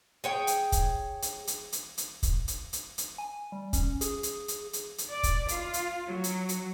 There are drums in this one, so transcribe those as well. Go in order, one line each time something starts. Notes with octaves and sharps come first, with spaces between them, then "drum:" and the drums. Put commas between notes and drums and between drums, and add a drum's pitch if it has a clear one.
G#4 C#5 G5
drum: hi-hat
drum: kick, hi-hat
drum: hi-hat
drum: hi-hat
drum: hi-hat
drum: hi-hat
drum: kick, hi-hat
drum: hi-hat
drum: hi-hat
drum: hi-hat
G#5
G3
C#4, drum: kick, hi-hat
G#4, drum: hi-hat
drum: hi-hat
drum: hi-hat
drum: hi-hat
drum: hi-hat
D5
drum: kick, hi-hat
F4, drum: hi-hat
drum: hi-hat
F#3
drum: hi-hat
drum: hi-hat